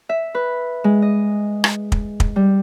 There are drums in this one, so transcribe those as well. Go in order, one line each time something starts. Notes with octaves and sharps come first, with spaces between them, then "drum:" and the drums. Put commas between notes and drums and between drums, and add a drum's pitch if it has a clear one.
E5
B4
G#3
D#5
drum: rim click
drum: kick
drum: kick
G3